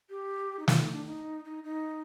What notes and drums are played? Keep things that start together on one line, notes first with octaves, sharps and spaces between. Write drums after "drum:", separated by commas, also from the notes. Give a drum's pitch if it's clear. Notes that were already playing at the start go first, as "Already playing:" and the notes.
G4
D#4
F4, drum: snare
D#4
D4
D#4
D#4
D#4